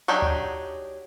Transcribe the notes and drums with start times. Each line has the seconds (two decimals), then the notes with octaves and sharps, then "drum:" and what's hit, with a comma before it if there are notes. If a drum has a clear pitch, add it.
0.08 F#3 D4 D#4 G4 G#4
0.22 drum: tom D2